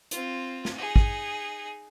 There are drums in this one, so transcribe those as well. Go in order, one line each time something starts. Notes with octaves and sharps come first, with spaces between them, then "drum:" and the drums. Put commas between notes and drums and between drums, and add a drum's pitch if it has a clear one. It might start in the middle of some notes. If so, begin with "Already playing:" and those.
C4 F4, drum: hi-hat
drum: snare
D#4 G#4
drum: kick